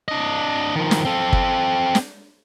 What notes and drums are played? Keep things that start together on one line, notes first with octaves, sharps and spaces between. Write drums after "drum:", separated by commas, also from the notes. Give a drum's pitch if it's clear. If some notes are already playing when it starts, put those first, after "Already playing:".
D4 D#5
D#3 F3
drum: snare
C4 A4
drum: kick G1
drum: snare